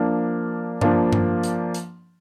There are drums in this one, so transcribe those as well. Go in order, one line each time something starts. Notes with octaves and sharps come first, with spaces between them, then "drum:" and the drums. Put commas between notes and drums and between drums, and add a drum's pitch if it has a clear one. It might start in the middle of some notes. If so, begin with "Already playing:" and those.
Already playing: F3 A#3 D4
F3 A#3 D4, drum: tom G2
drum: tom G2
drum: hi-hat
drum: hi-hat